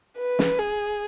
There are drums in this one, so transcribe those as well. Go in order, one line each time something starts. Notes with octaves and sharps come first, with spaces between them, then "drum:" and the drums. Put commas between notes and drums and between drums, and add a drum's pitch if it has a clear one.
B4
drum: snare
G#4